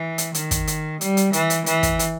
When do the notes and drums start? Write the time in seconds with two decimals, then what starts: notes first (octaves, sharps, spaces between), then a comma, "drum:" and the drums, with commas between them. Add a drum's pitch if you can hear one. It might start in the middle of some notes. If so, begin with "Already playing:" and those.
Already playing: E3
0.18 drum: hi-hat
0.34 D#3, drum: hi-hat
0.51 drum: kick, hi-hat
0.67 drum: hi-hat
1.01 G3, drum: hi-hat
1.17 drum: hi-hat
1.33 E3, drum: hi-hat
1.50 drum: hi-hat
1.66 E3, drum: hi-hat
1.83 drum: kick, hi-hat
1.99 drum: hi-hat